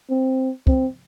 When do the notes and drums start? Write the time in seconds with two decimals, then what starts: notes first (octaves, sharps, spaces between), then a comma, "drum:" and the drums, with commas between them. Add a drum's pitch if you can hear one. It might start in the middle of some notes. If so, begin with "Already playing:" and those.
0.10 C4
0.67 C4, drum: kick